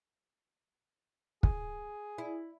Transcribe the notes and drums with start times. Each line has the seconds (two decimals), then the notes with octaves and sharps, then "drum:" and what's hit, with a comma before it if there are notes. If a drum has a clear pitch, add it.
1.43 G#4, drum: kick
2.18 E4